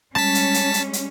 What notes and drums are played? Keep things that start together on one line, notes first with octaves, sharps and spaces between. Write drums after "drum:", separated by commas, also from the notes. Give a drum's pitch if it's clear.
G3 G#3 C#4 A5 B6, drum: rim click
drum: hi-hat
drum: hi-hat
drum: hi-hat
drum: hi-hat